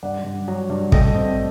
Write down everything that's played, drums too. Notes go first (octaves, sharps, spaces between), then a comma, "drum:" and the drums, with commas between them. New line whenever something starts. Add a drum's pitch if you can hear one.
G2 D5 F#5
G2
F#3
G2
A3 D#5 G5, drum: kick
C4